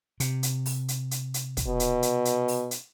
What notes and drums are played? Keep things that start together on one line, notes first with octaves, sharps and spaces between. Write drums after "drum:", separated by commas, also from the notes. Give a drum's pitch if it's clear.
C3, drum: hi-hat
drum: hi-hat
drum: open hi-hat
drum: hi-hat
drum: hi-hat
drum: hi-hat
drum: kick, hi-hat
B2
drum: hi-hat
drum: hi-hat
drum: hi-hat
drum: open hi-hat
drum: hi-hat